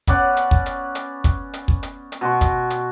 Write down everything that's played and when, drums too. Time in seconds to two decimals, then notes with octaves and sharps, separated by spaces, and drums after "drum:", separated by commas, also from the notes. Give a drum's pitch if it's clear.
0.07 B3 C#4 D5 F#5, drum: kick, hi-hat
0.37 drum: hi-hat
0.51 drum: kick
0.66 drum: hi-hat
0.95 drum: hi-hat
1.24 drum: kick, hi-hat
1.54 drum: hi-hat
1.68 drum: kick
1.83 drum: hi-hat
2.12 drum: hi-hat
2.21 B2 F#4 C6 C#6
2.41 drum: kick, hi-hat
2.70 drum: hi-hat